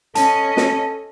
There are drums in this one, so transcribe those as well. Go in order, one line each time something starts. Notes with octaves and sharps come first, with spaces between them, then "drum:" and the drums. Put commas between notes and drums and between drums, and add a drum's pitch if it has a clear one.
C#4 A4 D#5 A5, drum: hi-hat
drum: snare